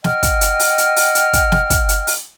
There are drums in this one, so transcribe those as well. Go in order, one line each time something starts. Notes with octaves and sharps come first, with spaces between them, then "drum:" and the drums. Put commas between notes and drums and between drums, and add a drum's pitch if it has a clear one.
D#5 F#5 G5 F6, drum: snare
drum: kick, hi-hat
drum: hi-hat
drum: open hi-hat
drum: hi-hat
drum: open hi-hat
drum: hi-hat
drum: kick, hi-hat
drum: snare
drum: kick, hi-hat
drum: hi-hat
drum: open hi-hat